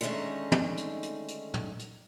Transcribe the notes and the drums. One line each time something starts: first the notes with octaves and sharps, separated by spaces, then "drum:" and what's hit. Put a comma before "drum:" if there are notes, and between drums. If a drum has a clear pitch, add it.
D3 D#3 G#3 A3 C#4 D#4
drum: tom
drum: hi-hat
drum: hi-hat
drum: hi-hat
drum: tom
drum: hi-hat